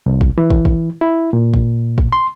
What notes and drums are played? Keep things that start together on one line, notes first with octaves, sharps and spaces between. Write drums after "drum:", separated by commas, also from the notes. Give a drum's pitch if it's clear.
C2
drum: kick
E3
drum: kick
drum: kick
E4
A#2
drum: kick
drum: kick
C6